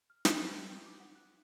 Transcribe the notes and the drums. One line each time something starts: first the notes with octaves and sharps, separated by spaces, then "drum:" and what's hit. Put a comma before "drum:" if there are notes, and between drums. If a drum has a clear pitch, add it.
F6
G4, drum: snare
C5
G5
D6
F#5
F#6